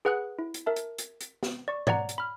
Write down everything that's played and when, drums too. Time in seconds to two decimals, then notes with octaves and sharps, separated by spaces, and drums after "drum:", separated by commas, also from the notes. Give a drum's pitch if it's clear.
0.05 G#4 B4 F#5 D#6 F#6
0.39 E4
0.54 drum: hi-hat
0.66 A#4 E5 A5
0.76 drum: hi-hat
0.98 drum: hi-hat
1.21 drum: hi-hat
1.43 drum: snare
1.68 D5 C#6
1.87 C#5 D5 F#5 A#5, drum: tom G#2
2.09 drum: hi-hat
2.18 B5 F6